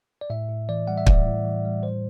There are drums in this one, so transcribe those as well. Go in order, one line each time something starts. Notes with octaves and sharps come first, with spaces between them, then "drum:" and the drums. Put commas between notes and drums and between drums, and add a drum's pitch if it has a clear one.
D5
A2 E5
A2
E3 D5
G3 F#5
E5
A2 D5, drum: kick
A2
E3
G3
A2 C5